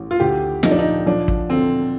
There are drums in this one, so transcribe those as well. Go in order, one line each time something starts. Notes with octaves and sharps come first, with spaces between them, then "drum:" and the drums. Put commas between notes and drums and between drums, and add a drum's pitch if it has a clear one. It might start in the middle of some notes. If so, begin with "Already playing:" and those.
Already playing: A1
F4
D2 G4
F3 D#4, drum: snare
D4
D#4
F3 D4
drum: kick
D3 C4